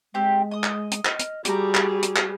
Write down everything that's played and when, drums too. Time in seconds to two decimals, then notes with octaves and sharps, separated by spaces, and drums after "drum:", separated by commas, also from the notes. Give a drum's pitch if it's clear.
0.14 G#3 C4 G4
0.51 D#5 D#6
0.64 drum: clap
0.91 drum: hi-hat
1.05 D#5 F6, drum: clap
1.19 drum: hi-hat
1.45 G3 F#4 G#4 D5 A#5, drum: hi-hat
1.75 drum: clap
2.03 drum: hi-hat
2.16 drum: clap